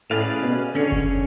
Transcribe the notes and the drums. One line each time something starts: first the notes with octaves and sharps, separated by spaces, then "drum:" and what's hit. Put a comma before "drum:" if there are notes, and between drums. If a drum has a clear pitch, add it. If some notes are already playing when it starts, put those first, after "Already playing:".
A2 C#4 G#4 B4 D5 F5
B2
D3 C#4 G#4 C#5
drum: kick F#1